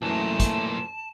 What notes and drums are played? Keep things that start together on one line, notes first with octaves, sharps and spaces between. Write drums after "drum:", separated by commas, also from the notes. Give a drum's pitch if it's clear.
B1 F#2 A#2 E3 A3 A5
drum: kick, hi-hat